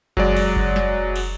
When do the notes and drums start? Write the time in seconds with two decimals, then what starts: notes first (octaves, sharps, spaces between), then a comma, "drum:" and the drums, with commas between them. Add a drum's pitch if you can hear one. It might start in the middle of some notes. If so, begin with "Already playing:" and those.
0.17 F#3 G#3 D5, drum: kick F#1
0.37 drum: cymbal
0.56 drum: kick F#1
0.76 drum: snare
1.16 drum: cymbal